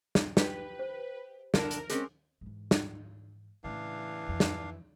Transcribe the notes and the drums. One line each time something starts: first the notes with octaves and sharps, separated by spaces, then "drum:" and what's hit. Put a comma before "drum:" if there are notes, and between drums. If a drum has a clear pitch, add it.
drum: snare
G4 B4, drum: snare
C5
D3 D4 A#4, drum: snare
drum: hi-hat
G#3 C4 C#4 G#4, drum: hi-hat
G#2 E3
drum: snare
A2 C#3 E3 D4 F5
F2
drum: snare